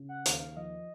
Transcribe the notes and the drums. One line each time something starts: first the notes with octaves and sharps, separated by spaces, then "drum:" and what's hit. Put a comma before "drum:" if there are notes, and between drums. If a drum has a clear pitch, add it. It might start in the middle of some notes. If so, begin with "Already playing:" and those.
Already playing: C#3
F#5
D#2, drum: hi-hat
F5
F3 D#5